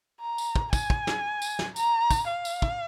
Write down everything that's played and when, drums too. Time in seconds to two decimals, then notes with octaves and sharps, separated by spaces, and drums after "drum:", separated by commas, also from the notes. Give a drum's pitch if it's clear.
0.21 A#5
0.38 drum: tambourine
0.56 drum: kick
0.73 G#5, drum: kick, tambourine
0.90 drum: kick
1.07 drum: snare
1.42 drum: tambourine
1.59 drum: snare
1.76 A#5, drum: tambourine
2.11 drum: kick, tambourine
2.28 F5
2.45 drum: tambourine
2.62 drum: kick